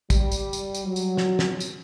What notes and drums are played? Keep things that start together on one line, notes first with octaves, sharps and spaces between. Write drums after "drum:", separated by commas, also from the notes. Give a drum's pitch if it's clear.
G3, drum: kick, tambourine
drum: tambourine
drum: tambourine
drum: tambourine
F#3
drum: tambourine
drum: snare
drum: snare
drum: tambourine